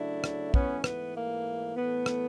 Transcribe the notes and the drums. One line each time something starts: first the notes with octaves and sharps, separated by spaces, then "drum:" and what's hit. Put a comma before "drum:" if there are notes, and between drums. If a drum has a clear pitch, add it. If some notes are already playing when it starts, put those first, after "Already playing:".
Already playing: C#3 F#3 A3 D4 E4
drum: rim click
G#2 E3 A3 B3 C#4, drum: kick
B3, drum: rim click
A#3
A2 E3 A3 B3
drum: rim click